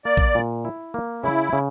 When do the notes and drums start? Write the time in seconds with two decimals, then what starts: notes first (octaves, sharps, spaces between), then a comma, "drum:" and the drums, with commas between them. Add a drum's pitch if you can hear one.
0.05 A#3 D5
0.17 drum: kick A1
0.35 A#2
0.65 E4
0.94 A#3
1.23 C#3 E4
1.53 C#3